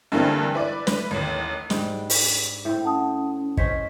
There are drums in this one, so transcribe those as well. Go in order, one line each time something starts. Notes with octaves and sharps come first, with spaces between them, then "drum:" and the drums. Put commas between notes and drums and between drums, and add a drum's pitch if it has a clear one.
G2 D3 E3 A3 A#3 C4
E4 B4 D5
B4, drum: snare
A1 D#2
G#2 G3 D4, drum: snare
drum: open hi-hat
A2 C4
C#4 F#5 A5 D#6
C#4 C5 C#5 D#5 B6, drum: kick